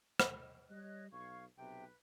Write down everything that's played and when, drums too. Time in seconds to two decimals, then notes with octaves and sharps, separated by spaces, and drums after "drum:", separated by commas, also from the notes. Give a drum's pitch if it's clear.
0.20 drum: rim click
0.70 G3 C#5 D#5 F#6
1.12 B1 F5 C#6 G#6
1.58 B1 C3 B4 G5